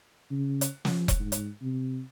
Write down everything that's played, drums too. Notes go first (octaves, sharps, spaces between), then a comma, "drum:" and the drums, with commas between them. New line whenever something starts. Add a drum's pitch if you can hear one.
C#3
drum: hi-hat
F3, drum: snare
drum: kick E1, hi-hat
G#2
drum: hi-hat
C3